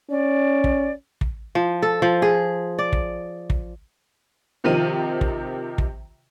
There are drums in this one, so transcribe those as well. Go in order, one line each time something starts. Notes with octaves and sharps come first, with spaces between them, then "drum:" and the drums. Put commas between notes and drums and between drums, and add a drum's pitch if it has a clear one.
C#4 D5
drum: kick
drum: kick
F3
A4
F3
G#4
D5
drum: kick
drum: kick
C3 D#3 F3 F4 D#7
drum: kick
drum: kick